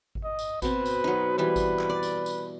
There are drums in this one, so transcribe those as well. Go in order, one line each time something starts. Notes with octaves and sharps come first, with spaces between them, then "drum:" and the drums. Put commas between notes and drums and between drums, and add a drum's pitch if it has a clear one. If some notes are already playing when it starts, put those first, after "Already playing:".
drum: kick G#1
D#5
drum: tambourine
B2 C4 B4, drum: kick G#1, tambourine
drum: tambourine
F#3 D#4
E3 G3 B4
drum: kick G#1, tambourine
drum: clap
D5
drum: tambourine
drum: tambourine